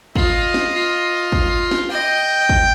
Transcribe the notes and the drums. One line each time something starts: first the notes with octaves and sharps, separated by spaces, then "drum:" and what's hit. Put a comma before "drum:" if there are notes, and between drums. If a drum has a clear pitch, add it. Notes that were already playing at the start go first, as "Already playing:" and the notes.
F4 D#5, drum: kick
drum: snare
F4
drum: kick
drum: snare
D#5 G5
drum: kick